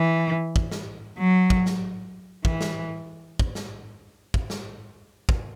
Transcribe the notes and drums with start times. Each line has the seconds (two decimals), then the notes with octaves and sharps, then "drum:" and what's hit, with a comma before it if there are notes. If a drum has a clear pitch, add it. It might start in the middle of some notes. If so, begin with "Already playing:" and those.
Already playing: E3
0.56 drum: kick
0.71 drum: snare
1.19 F#3
1.50 drum: kick
1.66 drum: snare
2.45 E3, drum: kick
2.61 drum: snare
3.39 drum: kick
3.55 drum: snare
4.34 drum: kick
4.50 drum: snare
5.29 drum: kick